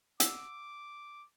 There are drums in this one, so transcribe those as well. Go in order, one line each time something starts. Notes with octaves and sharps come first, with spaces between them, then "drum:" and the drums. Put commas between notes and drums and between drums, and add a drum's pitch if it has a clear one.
F#5 D6 E6, drum: hi-hat